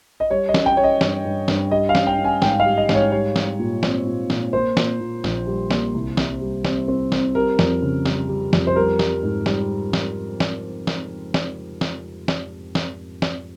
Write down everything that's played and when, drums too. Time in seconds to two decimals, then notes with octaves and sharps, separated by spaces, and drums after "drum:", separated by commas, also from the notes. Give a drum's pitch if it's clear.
0.20 D#5
0.30 G3 C#5
0.48 D#5
0.54 C#4, drum: snare
0.66 G5
0.77 C#4 C#5
0.84 D#5
1.01 G2, drum: snare
1.25 G2
1.48 G2, drum: snare
1.71 G3 D#5
1.89 F5
1.95 C#4, drum: snare
2.07 G5
2.18 C#4
2.24 G#5
2.42 G#2 G5, drum: snare
2.60 F5
2.65 G3
2.77 D#5
2.89 G#2, drum: snare
2.95 C#5
3.12 G3 C#5
3.36 G3, drum: snare
3.59 A#2
3.83 C4, drum: snare
4.07 A#2
4.30 A#2, drum: snare
4.53 A#3 C5
4.77 A#2, drum: snare
5.00 A#2
5.24 A#1, drum: snare
5.47 G3
5.71 A#3, drum: snare
5.94 C2
6.17 C3, drum: snare
6.41 G3
6.65 C4, drum: snare
6.88 C4
7.12 C4, drum: snare
7.35 G3 A#4
7.59 F2, drum: snare
7.82 C#3
8.06 G3, drum: snare
8.29 G3
8.53 F2, drum: snare
8.67 C5
8.76 G3 A#4
8.99 G3, drum: snare
9.23 G#2
9.46 G3, drum: snare
9.93 drum: snare
10.40 drum: snare
10.87 drum: snare
11.34 drum: snare
11.81 drum: snare
12.28 drum: snare
12.75 drum: snare
13.22 drum: snare